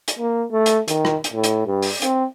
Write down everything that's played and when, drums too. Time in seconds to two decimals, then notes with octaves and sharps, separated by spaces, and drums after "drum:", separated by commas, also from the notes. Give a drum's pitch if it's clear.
0.08 drum: hi-hat
0.19 A#3
0.52 A3
0.66 drum: hi-hat
0.88 D#3, drum: hi-hat
1.05 drum: rim click
1.24 drum: hi-hat
1.34 A2
1.44 drum: hi-hat
1.66 G2
1.82 drum: open hi-hat
2.02 C4, drum: hi-hat